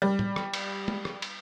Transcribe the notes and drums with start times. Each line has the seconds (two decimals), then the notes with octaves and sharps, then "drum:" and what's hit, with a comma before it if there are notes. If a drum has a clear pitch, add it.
0.02 G3
0.19 drum: tom
0.36 drum: rim click
0.54 drum: cymbal
0.88 drum: tom
1.05 drum: rim click
1.22 drum: cymbal